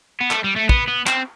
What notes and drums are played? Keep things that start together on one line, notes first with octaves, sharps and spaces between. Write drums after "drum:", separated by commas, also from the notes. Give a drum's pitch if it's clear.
B3
A3, drum: clap
G3
A3
B3, drum: kick
B3
C4, drum: clap